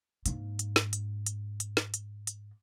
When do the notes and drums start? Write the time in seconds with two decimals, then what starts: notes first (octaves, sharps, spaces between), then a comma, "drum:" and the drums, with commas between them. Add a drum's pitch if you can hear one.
0.26 G#2 A#3, drum: hi-hat
0.59 drum: hi-hat
0.76 drum: snare
0.93 drum: hi-hat
1.26 drum: hi-hat
1.60 drum: hi-hat
1.77 drum: snare
1.94 drum: hi-hat
2.27 drum: hi-hat